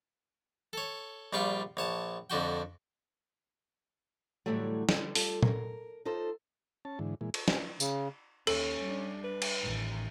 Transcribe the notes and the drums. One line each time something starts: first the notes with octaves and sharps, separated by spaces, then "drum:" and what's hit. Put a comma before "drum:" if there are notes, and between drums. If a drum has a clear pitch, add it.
A4 C#5
A#1 G3 F4 D5 C#6
A#1 C#5 A5
F2 D3 F#4 G5
A2 D3 E3 F#3 G3 A3
D3 G3, drum: snare
G3 F4 A4, drum: open hi-hat
A#4, drum: tom A#2
D#4 F4 A4 C5
C#4 A5
G#2 D3 E3
A#2 E3 G#3
A4, drum: cymbal
G4 C5 G#5, drum: snare
C#3, drum: tambourine
D#2 C#4 A4, drum: cymbal
G3 D4
B4
drum: cymbal
A1 D#3